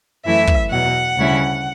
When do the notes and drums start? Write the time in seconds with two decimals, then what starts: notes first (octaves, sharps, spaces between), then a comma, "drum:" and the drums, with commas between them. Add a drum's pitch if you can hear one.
0.24 F#2 E3 A3 E4 E5
0.47 drum: kick
0.70 E2 B2 F#3 F#5
1.17 D2 C#3 G3 C#4 E4